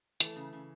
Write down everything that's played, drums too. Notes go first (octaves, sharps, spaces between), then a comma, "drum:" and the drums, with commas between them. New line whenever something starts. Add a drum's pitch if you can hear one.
E3 A3, drum: hi-hat
C#3
C#3